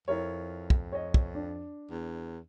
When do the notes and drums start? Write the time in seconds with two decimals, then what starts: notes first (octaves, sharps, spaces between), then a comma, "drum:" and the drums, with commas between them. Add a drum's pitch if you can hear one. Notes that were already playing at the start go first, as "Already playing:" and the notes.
0.08 F2 E4 A#4 C#5
0.70 drum: kick
0.92 C#5 D#5
1.14 drum: kick
1.35 D4
1.91 E2